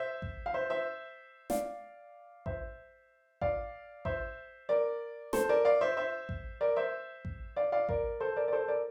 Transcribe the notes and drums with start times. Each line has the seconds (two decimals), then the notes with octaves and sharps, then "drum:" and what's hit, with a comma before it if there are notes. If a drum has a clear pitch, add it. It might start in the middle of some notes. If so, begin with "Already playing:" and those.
Already playing: C5 E5
0.22 drum: kick A1
0.46 F5
0.54 C5 E5
0.70 C5 E5
1.50 D5 F5, drum: snare
2.46 C5 E5, drum: kick A1
3.41 D5 F5, drum: kick A1
4.05 C5 E5, drum: kick A1
4.69 A#4 D5
5.33 A4 C5, drum: snare
5.49 A#4 D5
5.65 D5 F5
5.81 C5 E5
5.97 C5 E5
6.29 drum: kick A1
6.61 A#4 D5
6.76 C5 E5
7.25 drum: kick A1
7.56 D5 F5
7.72 D5 F5
7.89 A#4 D5, drum: kick A1
8.20 A4 C5
8.36 A#4 D5
8.48 D5
8.52 A4 C5
8.68 A#4 D5